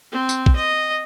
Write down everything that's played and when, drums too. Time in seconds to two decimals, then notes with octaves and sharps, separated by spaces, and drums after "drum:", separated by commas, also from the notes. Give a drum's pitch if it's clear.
0.12 C4
0.29 drum: tambourine
0.46 drum: kick
0.55 D#5